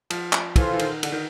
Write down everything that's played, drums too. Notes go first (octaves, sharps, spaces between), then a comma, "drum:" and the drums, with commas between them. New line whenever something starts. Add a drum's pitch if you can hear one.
F3, drum: cymbal
drum: clap
E3 F4 A4 C5 F5, drum: kick, cymbal
E3
D#3, drum: cymbal
D3, drum: cymbal
D#3